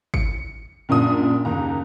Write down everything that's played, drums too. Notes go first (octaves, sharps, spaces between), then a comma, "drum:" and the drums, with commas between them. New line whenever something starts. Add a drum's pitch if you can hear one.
C#7, drum: kick G#1
A#1 F#2 A#2 D4 D#6
F#1 D#2 A#5